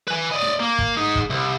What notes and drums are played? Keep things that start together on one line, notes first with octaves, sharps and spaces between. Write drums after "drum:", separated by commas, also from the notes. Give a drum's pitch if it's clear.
B4 G#5
D5 D#5
drum: snare
A#3
drum: kick
G#2 D#4
drum: kick
C2